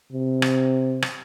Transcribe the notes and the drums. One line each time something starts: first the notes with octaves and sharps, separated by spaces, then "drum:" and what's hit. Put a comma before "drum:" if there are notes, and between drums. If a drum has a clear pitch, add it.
C3
drum: rim click
drum: rim click